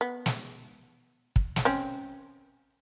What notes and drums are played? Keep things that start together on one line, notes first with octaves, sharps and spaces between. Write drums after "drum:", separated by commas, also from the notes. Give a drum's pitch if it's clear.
B3
drum: snare
drum: kick
drum: snare
C4 C#4